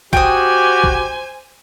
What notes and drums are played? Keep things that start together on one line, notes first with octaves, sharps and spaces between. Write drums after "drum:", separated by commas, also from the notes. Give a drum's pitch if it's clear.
F#4 G4 C5 G5 G#5 D#6, drum: kick
drum: kick